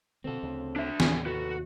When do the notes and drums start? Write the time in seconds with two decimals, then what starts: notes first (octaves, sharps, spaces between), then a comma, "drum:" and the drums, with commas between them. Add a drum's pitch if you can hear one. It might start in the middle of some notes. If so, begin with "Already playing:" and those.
0.24 B2 D3 C4 A4
0.43 D2 C#3
0.76 D4 E5
1.00 D#2 A2 C3 G#5, drum: snare
1.26 F#4 A4 B4